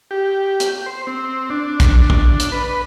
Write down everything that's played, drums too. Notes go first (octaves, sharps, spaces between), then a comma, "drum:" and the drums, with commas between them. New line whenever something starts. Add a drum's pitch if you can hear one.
G4
drum: hi-hat
C5
C4
D4
drum: kick A1, hi-hat
drum: kick A1
drum: hi-hat
B4